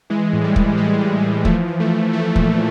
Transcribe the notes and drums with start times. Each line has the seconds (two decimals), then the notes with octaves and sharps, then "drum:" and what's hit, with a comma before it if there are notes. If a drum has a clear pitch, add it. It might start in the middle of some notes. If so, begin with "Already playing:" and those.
0.10 E3 G#3
0.33 A2
0.44 G3
0.56 A2, drum: kick
0.77 A2 G#3
1.01 E3
1.23 E3 G#3
1.45 F3 A3, drum: kick
1.68 F3
1.80 A3
1.90 F3
2.13 F3 A3
2.36 A#2, drum: kick